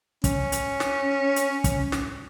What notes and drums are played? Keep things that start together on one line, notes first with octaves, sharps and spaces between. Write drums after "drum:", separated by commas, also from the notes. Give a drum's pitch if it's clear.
C#4, drum: kick, hi-hat
drum: hi-hat
drum: snare
drum: hi-hat
drum: kick, hi-hat
drum: snare